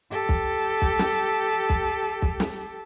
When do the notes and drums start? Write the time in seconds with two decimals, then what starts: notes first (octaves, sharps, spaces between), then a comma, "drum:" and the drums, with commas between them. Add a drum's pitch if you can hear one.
0.11 G4 A4
0.29 drum: kick
0.82 drum: kick
0.99 drum: snare
1.69 drum: kick
2.22 drum: kick
2.40 drum: snare